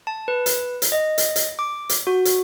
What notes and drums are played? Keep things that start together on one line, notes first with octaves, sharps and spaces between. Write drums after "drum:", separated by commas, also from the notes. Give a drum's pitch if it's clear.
A5
B4
drum: hi-hat
drum: hi-hat
D#5
drum: hi-hat
drum: hi-hat
D6
drum: hi-hat
F#4
drum: hi-hat